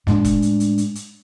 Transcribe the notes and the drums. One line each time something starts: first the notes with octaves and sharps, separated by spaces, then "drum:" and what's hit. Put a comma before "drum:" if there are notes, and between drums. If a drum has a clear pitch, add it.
A2 G#3 D4, drum: snare
drum: kick E1, hi-hat
drum: hi-hat
drum: hi-hat
drum: hi-hat
drum: hi-hat